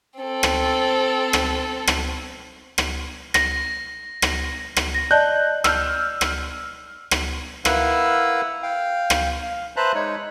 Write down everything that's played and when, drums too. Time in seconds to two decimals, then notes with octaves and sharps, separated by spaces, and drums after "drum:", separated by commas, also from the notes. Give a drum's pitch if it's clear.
0.20 C4 A4
0.43 drum: rim click
1.33 drum: rim click
1.87 drum: rim click
2.78 drum: rim click
3.34 A#6, drum: rim click
4.22 drum: rim click
4.76 drum: rim click
4.95 A#6
5.11 D5 D#5 A5 F#6 G6
5.64 E6 F6 G6, drum: rim click
6.21 drum: rim click
7.11 drum: rim click
7.65 E4 A#4 B4 F5 F#5 E6, drum: rim click
8.63 F5 G5
9.10 drum: rim click
9.43 F5
9.76 B4 C5 E5 A5 A#5 F#6
9.95 G#3 D#4 C#5